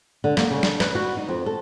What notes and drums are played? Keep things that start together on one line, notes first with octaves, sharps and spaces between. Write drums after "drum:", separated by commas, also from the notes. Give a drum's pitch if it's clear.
D3
A#3, drum: snare
C#3
D4, drum: snare
B4, drum: snare
F#4
D#4
F2
A4